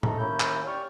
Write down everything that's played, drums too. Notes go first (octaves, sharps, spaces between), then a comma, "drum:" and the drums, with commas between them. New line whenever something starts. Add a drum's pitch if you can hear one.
G#3 A3 D#4 A4 A#5, drum: tom A2
D#2 A#3 C#4 E4 G6
drum: clap
G4 C#5 D5 C#6 F6